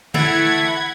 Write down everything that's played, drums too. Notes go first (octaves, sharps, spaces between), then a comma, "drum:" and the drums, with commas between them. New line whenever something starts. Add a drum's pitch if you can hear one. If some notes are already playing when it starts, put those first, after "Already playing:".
E3 A3 E4 F#5 G#6 B6, drum: tom D3